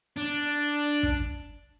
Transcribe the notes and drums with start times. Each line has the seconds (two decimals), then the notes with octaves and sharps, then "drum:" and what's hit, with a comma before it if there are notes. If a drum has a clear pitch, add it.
0.17 D4
1.03 drum: kick